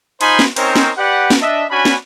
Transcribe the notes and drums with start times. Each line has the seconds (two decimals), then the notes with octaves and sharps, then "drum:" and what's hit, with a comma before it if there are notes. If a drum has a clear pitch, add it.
0.21 D#4 F4 C5 G#5 B5 C6, drum: cymbal
0.39 drum: snare
0.56 C4 C#4 D#4 A#4 C5 C#5, drum: cymbal
0.76 drum: snare
0.98 G4 B4 D5 F#5
1.30 drum: snare
1.41 D4 D#5 E5
1.70 C#4 D4 F#4 G#5 B5
1.85 drum: snare